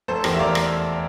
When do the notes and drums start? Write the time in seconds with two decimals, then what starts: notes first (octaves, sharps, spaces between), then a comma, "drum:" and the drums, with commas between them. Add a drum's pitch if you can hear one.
0.08 F1 A4 C5
0.24 E2 G4 A#4, drum: rim click
0.34 E5
0.39 F1 D5 F5
0.55 drum: rim click